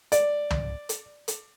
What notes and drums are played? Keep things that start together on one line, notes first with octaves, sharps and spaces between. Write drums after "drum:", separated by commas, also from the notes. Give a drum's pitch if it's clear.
D5, drum: hi-hat
drum: tom
drum: hi-hat
drum: hi-hat